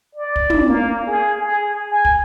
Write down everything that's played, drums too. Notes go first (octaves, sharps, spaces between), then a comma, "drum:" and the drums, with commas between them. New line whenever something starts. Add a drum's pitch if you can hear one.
D5
drum: kick
drum: tom
A#3
G#4
G#4
G#5
drum: kick